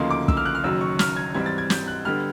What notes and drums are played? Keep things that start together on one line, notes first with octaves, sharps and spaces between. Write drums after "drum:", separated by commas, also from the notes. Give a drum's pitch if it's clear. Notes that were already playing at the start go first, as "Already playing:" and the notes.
Already playing: D2 C#3 F3 A#3 D#4 C6
D6
E6, drum: kick
F6
F#6
F6
F#1 F#2 D#3 F#3 E6
C#6
F6, drum: snare
G#6
G#2 E3 G3 C4 G#6
A6
G#6
G6, drum: snare
F#6
D3 G3 B3 F6